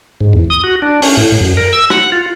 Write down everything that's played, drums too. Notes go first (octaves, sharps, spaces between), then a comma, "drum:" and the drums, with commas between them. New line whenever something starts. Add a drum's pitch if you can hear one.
G#2
E2
D#6
F#4
D4
C#4, drum: open hi-hat
A2
F#2
A#4
E6
F#5, drum: rim click
F4